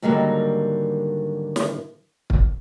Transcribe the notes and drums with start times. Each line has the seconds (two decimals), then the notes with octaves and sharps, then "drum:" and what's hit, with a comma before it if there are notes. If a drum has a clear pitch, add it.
0.02 G#2 D3 D#3 F#3 G3 A#3
1.56 drum: snare
2.30 drum: kick